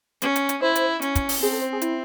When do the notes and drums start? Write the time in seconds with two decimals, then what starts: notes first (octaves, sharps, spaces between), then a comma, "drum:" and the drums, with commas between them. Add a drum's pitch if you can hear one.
0.22 C#4, drum: hi-hat
0.36 drum: hi-hat
0.49 drum: hi-hat
0.62 E4 C5
0.76 drum: hi-hat
1.02 C#4, drum: hi-hat
1.15 drum: kick, hi-hat
1.29 drum: open hi-hat
1.42 C4 G#4
1.52 A4
1.62 C5
1.72 G#4
1.82 E4, drum: hi-hat